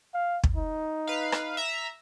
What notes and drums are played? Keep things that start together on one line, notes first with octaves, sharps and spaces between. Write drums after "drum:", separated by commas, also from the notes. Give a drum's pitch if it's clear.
F5
drum: kick
D#4
B4 F5
drum: rim click
E5 A#5